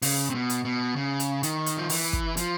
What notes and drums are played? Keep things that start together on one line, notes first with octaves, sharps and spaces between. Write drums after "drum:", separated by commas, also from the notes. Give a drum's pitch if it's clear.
C#3, drum: open hi-hat
C3
B2
drum: hi-hat
B2
C#3
drum: hi-hat
D#3, drum: hi-hat
drum: hi-hat
F3
E3, drum: open hi-hat
drum: kick
F3, drum: hi-hat